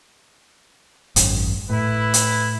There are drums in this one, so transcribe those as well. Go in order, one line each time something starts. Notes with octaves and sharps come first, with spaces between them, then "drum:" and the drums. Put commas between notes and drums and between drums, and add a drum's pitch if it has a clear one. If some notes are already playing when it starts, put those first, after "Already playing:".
G#1 F#2, drum: hi-hat
A2 E4 B4
drum: hi-hat